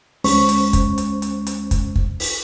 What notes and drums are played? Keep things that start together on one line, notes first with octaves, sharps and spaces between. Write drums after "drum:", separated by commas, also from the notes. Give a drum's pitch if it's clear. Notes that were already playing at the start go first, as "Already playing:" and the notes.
D2 G#3 C#4 C5 C#6, drum: open hi-hat
drum: hi-hat
drum: kick, hi-hat
drum: hi-hat
drum: hi-hat
drum: hi-hat
drum: kick, hi-hat
drum: kick
drum: open hi-hat